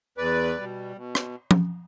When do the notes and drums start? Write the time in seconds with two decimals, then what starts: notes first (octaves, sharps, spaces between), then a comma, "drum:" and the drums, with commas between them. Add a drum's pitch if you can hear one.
0.18 E2 B4 D5
0.58 B2 G3
0.96 B2
1.15 drum: rim click
1.51 drum: tom F3